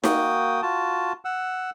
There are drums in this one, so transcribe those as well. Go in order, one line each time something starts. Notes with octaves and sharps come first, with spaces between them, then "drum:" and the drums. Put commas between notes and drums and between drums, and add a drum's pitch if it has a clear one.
A#3 F#4 G5 D#6, drum: snare D#4
F4 F#4 A5
F#5 E6